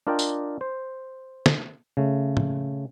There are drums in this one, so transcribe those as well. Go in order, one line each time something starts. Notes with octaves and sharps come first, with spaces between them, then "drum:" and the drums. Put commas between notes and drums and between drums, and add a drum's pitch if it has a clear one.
D4 F4 A#4 D5 D#5 G5
drum: tambourine
C5
drum: snare
C#3 A3
drum: tom